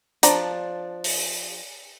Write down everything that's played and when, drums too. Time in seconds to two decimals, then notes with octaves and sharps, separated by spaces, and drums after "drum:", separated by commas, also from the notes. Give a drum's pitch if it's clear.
0.23 F3 D4 A#5, drum: hi-hat
1.04 drum: open hi-hat